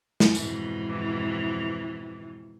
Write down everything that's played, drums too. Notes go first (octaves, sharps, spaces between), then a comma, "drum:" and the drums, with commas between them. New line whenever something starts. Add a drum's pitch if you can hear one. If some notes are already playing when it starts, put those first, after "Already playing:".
drum: snare
F2 G#2 B2 E3, drum: tambourine